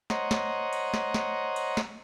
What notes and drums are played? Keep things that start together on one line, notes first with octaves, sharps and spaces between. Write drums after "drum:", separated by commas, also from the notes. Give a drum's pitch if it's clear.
C5 C#5 D#5 F#5 A#5, drum: snare
drum: snare
drum: cymbal
drum: snare
drum: snare
drum: cymbal
drum: snare